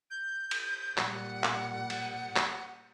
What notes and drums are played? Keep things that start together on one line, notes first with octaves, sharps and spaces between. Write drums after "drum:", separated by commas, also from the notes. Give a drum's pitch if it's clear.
G6
drum: cymbal
A#2 G3 F#5, drum: clap
drum: clap
drum: cymbal
drum: clap